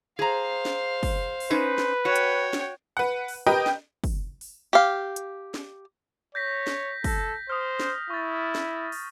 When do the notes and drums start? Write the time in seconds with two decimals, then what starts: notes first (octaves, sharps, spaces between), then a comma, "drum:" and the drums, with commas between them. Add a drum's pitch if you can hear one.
0.19 G#4 C5 F5 A#5
0.65 drum: snare
1.03 drum: kick, open hi-hat
1.40 drum: open hi-hat
1.51 C#4 D#4 B4 C5
1.78 drum: snare
2.05 F#4 C#5 G5
2.16 drum: hi-hat
2.53 drum: snare
2.97 B4 F#5
3.28 drum: open hi-hat
3.47 G4 A#4 B4 D#5 G5
3.66 drum: snare
4.04 drum: kick, open hi-hat
4.41 drum: open hi-hat
4.73 G4 F5
5.16 drum: hi-hat
5.54 drum: snare
6.35 C#5 G6 A#6 B6
6.67 drum: snare
7.04 A4 A#6, drum: kick, open hi-hat
7.50 C5 D#6 F6
7.80 drum: snare
8.10 E4 C#6 A6
8.55 drum: snare
8.92 drum: open hi-hat